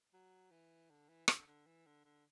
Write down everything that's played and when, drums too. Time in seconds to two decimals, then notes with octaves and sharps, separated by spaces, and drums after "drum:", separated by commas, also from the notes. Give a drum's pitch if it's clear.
0.14 F#3
0.51 E3
0.90 D3
1.09 E3
1.28 D3, drum: rim click
1.47 D3
1.66 E3
1.86 D3
2.05 D3